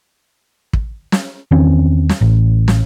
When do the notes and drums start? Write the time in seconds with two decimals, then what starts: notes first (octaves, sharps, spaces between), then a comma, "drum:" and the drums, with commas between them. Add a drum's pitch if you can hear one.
0.73 drum: kick
1.12 drum: snare
1.51 E2 D#3 C4 C#4
2.09 drum: snare
2.21 A1
2.68 drum: snare